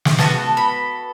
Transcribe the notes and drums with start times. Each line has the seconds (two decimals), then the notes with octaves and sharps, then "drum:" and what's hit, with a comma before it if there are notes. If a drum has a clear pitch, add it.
0.05 drum: snare
0.19 B3 F#4 A4 A5, drum: snare
0.57 B5